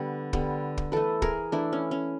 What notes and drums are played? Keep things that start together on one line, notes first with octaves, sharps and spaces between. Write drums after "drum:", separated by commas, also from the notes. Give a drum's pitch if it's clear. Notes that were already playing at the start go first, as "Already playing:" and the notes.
Already playing: D3 G3 B3
D3 G3 B3, drum: kick
drum: kick
E3 A3 A4 B4
G#4 A#4, drum: kick
E3 A3 D4 E4
C#4
C#4